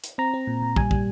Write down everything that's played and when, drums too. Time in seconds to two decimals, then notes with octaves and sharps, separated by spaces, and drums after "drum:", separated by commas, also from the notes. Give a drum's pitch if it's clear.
0.04 drum: hi-hat
0.18 C4 A#5
0.34 C4
0.47 A#2
0.62 A#2
0.76 G3 G#5, drum: kick
0.91 G3, drum: kick